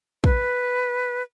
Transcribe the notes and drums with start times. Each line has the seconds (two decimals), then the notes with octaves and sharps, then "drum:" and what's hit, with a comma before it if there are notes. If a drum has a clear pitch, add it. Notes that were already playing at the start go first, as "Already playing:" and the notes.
0.24 B4, drum: kick